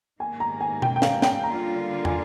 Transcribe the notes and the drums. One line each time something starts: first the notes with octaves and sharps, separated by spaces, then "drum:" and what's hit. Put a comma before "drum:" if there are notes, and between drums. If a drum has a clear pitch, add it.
G#2 D#3 A#3 G#5
A#5
G#5
G5, drum: tom B2
G5
F5, drum: snare
G5, drum: snare
D3 G3 A#3 F4 A#5
G#5, drum: tom